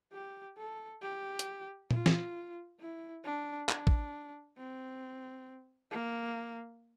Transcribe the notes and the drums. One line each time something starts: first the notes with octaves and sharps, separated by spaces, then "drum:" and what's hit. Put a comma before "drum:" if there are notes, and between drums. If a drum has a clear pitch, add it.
G4
A4
G4
drum: hi-hat
F4, drum: tom A#2
drum: snare
E4
D4
D4, drum: clap
drum: kick
C4
A#3